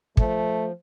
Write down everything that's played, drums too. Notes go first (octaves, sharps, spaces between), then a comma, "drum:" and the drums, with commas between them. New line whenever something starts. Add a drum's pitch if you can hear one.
F3 A3, drum: kick